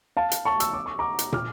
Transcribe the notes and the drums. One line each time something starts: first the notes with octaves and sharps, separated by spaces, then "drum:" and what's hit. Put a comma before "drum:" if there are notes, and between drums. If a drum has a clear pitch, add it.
F5 A5
drum: hi-hat
A5 C#6
E6, drum: hi-hat
D6
C#6
A#5 D6
drum: hi-hat
D6 F6, drum: tom